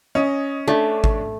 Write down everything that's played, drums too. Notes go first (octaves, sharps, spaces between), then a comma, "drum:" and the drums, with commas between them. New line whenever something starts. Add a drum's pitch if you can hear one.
C#4 D#5
A3 D4
drum: kick G#1